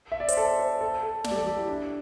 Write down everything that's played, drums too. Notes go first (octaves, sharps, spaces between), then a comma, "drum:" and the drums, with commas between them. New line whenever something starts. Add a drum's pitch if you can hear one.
E5
D5
C5, drum: hi-hat
A4
C5
A4
A4
D5, drum: snare
G4
A4
G4
E4
D4